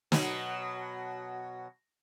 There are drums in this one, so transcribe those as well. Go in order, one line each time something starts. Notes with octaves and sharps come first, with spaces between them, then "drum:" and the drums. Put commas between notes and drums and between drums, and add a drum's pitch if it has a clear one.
B2 F#3, drum: snare